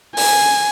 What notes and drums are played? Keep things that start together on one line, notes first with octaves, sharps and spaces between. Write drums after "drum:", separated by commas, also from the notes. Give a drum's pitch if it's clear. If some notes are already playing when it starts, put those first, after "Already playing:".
G#5, drum: open hi-hat